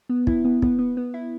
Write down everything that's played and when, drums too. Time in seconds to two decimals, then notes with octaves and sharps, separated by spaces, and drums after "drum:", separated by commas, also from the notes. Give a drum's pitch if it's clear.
0.09 B3
0.27 E4, drum: kick
0.45 B3
0.62 B3, drum: kick
0.79 B3
0.97 B3
1.14 E4